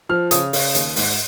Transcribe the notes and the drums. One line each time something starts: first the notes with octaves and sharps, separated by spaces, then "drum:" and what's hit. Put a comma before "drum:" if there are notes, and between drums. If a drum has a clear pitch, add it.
F3 F6
C#3 D#6, drum: hi-hat
C#3, drum: open hi-hat
D#2, drum: hi-hat
G#2, drum: open hi-hat